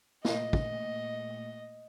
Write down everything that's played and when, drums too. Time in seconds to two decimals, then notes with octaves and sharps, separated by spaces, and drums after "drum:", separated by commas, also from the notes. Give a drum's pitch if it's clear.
0.25 A#2 A3 A#3 D#5, drum: snare
0.53 drum: kick